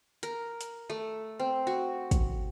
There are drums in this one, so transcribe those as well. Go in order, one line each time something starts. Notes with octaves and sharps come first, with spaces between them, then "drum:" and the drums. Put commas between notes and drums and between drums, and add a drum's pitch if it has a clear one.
A#4, drum: hi-hat
drum: hi-hat
A3
C4
F#4
drum: kick, hi-hat